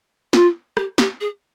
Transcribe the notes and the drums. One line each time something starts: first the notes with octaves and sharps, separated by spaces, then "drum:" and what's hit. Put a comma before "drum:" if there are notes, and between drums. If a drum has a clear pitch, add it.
F4, drum: snare
G4, drum: rim click
G4, drum: snare
G#4